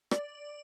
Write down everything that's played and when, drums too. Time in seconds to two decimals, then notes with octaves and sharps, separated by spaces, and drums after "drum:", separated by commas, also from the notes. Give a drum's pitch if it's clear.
0.11 D5, drum: rim click